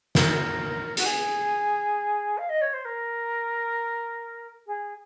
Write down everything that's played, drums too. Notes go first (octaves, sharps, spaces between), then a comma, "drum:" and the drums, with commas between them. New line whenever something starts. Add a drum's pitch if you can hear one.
A#4, drum: snare
F#4, drum: hi-hat
G#4
F5
D#5
C#5
C5
A#4
G#4